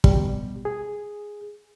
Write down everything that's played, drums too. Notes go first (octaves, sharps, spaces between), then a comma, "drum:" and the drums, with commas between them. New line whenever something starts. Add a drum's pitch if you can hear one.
B2 G3, drum: kick
G#4